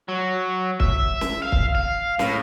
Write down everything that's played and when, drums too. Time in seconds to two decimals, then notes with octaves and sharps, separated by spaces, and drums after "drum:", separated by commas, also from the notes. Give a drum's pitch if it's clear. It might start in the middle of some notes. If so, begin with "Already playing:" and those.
0.08 F#3
0.80 E5, drum: kick
1.21 drum: snare
1.42 F5
1.52 drum: kick
1.75 F5
2.19 A2, drum: snare